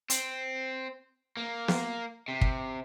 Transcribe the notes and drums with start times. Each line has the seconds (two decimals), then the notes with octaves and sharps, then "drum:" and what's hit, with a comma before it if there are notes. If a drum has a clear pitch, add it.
0.10 C4, drum: hi-hat
1.37 A#3
1.68 drum: snare
2.28 C3
2.41 drum: kick